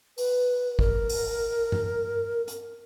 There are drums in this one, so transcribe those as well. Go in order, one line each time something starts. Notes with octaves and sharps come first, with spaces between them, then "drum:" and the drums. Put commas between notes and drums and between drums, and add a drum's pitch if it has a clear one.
B4, drum: open hi-hat
A#4, drum: kick
drum: open hi-hat
drum: tom G2
drum: hi-hat